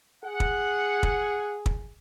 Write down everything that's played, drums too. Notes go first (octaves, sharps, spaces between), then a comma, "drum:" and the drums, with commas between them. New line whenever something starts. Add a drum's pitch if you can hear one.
G#4 F#5
drum: kick
drum: kick
drum: kick